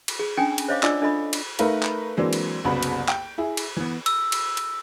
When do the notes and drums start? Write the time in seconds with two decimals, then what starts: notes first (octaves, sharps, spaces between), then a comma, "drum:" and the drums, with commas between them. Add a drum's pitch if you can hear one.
0.08 drum: cymbal
0.19 G#4
0.37 C#4 D4 G5 G#5 D#6
0.58 drum: cymbal
0.69 C5 C#5 D#5 F5 D6
0.83 D4 F4 D5 D#5 D6 E6, drum: clap
1.02 D4 A4 D#5 B5 D#6
1.33 drum: cymbal
1.59 A3 D#4 A#4 B4 E5 F5, drum: cymbal
1.83 drum: clap
2.17 E3 F#3 G#3 A#3 C4 D4
2.33 drum: cymbal
2.64 F#1 C2 C#3 F#3 B3 B5
2.83 drum: cymbal
3.08 G5, drum: clap
3.38 E4 G#4
3.57 drum: cymbal
3.77 E3 B3
4.06 E6, drum: cymbal
4.32 drum: cymbal
4.57 drum: cymbal